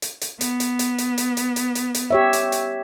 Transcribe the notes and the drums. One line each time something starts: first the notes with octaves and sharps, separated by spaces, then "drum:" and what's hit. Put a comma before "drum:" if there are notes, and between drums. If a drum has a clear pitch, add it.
drum: hi-hat
drum: hi-hat
B3, drum: hi-hat
drum: hi-hat
drum: hi-hat
drum: hi-hat
drum: hi-hat
drum: hi-hat
drum: hi-hat
drum: hi-hat
drum: hi-hat
G4 C#5 E5
drum: hi-hat
drum: hi-hat